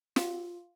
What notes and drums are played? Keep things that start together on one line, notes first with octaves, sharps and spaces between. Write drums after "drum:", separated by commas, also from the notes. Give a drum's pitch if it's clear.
F4, drum: snare